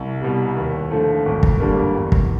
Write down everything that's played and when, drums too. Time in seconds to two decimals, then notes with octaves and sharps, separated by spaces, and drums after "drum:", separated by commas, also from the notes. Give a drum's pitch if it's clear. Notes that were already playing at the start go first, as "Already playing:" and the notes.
Already playing: C2
0.22 B2 G3
0.57 D#2
0.90 D3 F3 A3
1.25 G#1
1.43 drum: kick
1.60 G2 D3 G3 A#3
1.94 E2
2.12 drum: kick